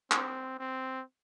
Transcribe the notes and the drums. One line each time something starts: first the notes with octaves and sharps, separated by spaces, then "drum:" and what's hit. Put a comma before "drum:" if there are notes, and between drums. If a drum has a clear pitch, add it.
C4, drum: clap
C4